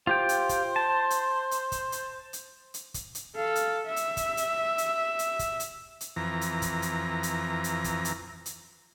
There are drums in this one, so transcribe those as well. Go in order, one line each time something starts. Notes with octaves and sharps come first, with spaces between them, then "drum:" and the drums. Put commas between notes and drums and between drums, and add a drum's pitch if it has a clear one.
F4 G4 C5 G5
drum: hi-hat
drum: kick, hi-hat
A5
drum: hi-hat
drum: hi-hat
drum: kick, hi-hat
drum: hi-hat
drum: hi-hat
drum: hi-hat
drum: kick, hi-hat
drum: hi-hat
A4 F5
drum: hi-hat
E5
drum: hi-hat
drum: kick, hi-hat
drum: hi-hat
drum: hi-hat
drum: hi-hat
drum: kick, hi-hat
drum: hi-hat
drum: hi-hat
F2 E3 A#5
drum: hi-hat
drum: kick, hi-hat
drum: hi-hat
drum: hi-hat
drum: hi-hat
drum: kick, hi-hat
drum: hi-hat
drum: hi-hat